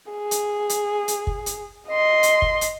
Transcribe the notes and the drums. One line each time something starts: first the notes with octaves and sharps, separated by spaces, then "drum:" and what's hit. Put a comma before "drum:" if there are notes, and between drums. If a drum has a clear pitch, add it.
G#4
drum: hi-hat
drum: hi-hat
drum: hi-hat
drum: kick
drum: hi-hat
D#5 C6
drum: hi-hat
drum: kick
drum: hi-hat